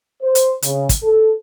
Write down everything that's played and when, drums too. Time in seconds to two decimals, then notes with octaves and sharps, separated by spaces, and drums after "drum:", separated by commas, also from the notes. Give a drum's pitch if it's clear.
0.21 C5
0.35 drum: hi-hat
0.62 C#3, drum: hi-hat
0.89 drum: kick, hi-hat
1.02 A4